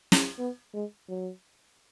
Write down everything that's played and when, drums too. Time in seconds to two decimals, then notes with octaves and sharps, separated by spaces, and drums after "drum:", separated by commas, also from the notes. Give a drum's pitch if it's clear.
0.12 drum: snare
0.38 B3
0.74 G#3
1.09 F#3